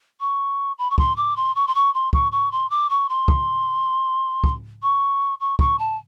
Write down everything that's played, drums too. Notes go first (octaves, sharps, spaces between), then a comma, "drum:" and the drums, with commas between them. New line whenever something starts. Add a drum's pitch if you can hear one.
C#6
B5
C#6
C6, drum: kick
D6
C6
C#6
C6
C#6
C6
C#6, drum: kick
C#6
C6
D6
C#6
C6
drum: kick
drum: kick
C#6
C#6
C#6, drum: kick
A5